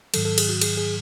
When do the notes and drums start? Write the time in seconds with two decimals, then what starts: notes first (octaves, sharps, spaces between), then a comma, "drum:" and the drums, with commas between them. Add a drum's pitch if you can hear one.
0.14 G#2 D#3 F#3 A4, drum: cymbal
0.25 A4
0.38 G#4, drum: cymbal
0.49 F#4
0.61 G#4, drum: cymbal
0.78 G#4